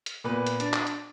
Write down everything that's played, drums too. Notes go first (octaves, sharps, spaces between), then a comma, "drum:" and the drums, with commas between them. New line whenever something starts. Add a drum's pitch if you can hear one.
drum: hi-hat
A#2 B3 B4
drum: hi-hat
D4, drum: hi-hat
drum: clap
drum: hi-hat